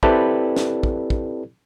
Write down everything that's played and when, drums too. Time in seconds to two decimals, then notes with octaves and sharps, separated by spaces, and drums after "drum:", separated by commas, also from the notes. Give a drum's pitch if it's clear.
0.03 C4 E4 G4 A4 B4 D5, drum: kick
0.57 drum: snare
0.83 drum: kick
1.10 drum: kick